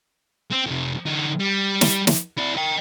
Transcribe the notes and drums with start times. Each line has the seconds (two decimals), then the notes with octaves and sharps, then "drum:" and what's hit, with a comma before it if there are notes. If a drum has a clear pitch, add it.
0.51 C4
0.66 F2 C3
1.06 D3 D#4
1.40 G3
1.81 drum: snare
2.07 drum: snare
2.38 E4 D5
2.57 D#5 G5